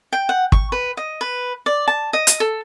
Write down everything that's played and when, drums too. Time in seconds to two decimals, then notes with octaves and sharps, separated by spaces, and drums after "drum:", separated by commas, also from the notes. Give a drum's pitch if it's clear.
0.13 G5
0.29 F#5
0.52 C#6, drum: kick
0.72 B4
0.97 D#5
1.21 B4
1.66 D5
1.88 A5
2.13 D#5
2.27 drum: hi-hat
2.40 A4